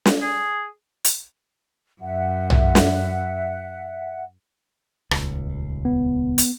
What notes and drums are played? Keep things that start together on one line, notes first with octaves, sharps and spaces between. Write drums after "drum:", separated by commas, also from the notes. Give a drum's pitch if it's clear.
drum: snare
G#4
drum: hi-hat
F#2 E5 F#5
drum: tom B1
drum: snare
D#1 C#2, drum: rim click
B3
drum: hi-hat